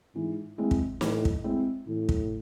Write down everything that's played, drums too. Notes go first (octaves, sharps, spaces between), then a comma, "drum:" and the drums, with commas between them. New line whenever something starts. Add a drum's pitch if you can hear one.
G#2 E3
G#3 C4 E4
drum: kick
A2 E3, drum: snare
drum: kick
G#3 C4 E4
A2 E3
drum: kick